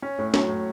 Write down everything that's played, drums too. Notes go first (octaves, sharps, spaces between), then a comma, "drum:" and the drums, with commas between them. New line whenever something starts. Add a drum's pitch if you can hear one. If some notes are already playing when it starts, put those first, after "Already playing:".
C#4
A2
F#3, drum: snare
A2